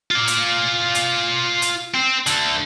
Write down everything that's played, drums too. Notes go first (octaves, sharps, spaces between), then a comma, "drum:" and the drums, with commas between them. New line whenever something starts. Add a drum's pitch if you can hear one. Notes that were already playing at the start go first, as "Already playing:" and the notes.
F4 D5
drum: hi-hat
drum: hi-hat
drum: hi-hat
C4
D3 A3, drum: hi-hat